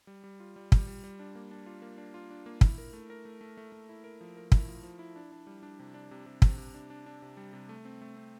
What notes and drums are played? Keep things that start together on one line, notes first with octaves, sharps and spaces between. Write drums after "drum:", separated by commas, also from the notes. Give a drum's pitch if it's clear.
G3
G3
F4
G3
G3, drum: kick
G3
G3
D4
A#3
D4
F4
A#3
D4
F4
D4
A#3
E4, drum: kick
A#4
A3
A#4
A3
A3
A3
A3
E4
A#4
F3
A#4
E4, drum: kick
F3
F3
E4
D4
D4
G3
D4
C3
D4
C3
C3
C3, drum: kick
C3
D4
D4
D4
C3
G3
C3
A3
C4
A3
C4